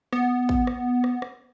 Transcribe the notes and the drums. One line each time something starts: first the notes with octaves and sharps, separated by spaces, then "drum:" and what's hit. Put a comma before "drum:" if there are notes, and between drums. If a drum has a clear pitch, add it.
B3, drum: rim click
drum: kick
drum: rim click
drum: rim click
drum: rim click